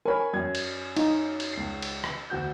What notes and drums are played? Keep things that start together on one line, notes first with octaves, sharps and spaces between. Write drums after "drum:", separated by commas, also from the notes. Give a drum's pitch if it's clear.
A#4 C#5 G#5 B5
F#2 G#6
drum: cymbal
D#4, drum: cymbal
drum: cymbal
C#2 C7
drum: cymbal
drum: rim click
D2 F#4 G6